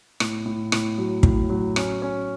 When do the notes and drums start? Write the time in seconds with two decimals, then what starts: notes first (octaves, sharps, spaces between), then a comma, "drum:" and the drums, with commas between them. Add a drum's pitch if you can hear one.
0.20 A2, drum: rim click
0.46 A2
0.72 A2, drum: rim click
0.98 F#3
1.23 A2, drum: kick
1.50 F#3
1.76 C#4, drum: rim click
2.02 C#4